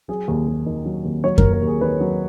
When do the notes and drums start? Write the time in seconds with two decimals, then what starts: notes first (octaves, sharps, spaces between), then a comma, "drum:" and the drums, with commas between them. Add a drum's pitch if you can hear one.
0.08 F#3 G#4
0.28 D#2
0.47 D#2
0.66 D#3
0.85 F#3
1.05 D#2
1.24 F#3 C#5
1.38 A#4, drum: kick F#2
1.43 D#2
1.53 A#4
1.62 D#2
1.67 G#4
1.81 D#3 B4
2.00 F#3